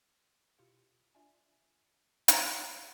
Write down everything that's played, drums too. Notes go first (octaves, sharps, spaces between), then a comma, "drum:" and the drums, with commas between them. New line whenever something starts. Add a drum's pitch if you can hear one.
B2 E4 F4 G4 F5 C#7
D4 F4 D5 E5 G#5
A#2 E3, drum: hi-hat